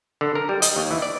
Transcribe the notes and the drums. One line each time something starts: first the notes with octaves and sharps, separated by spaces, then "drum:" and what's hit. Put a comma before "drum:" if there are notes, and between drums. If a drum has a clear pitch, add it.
D3
A#4
G3
D#5, drum: hi-hat
D#2
E3
D5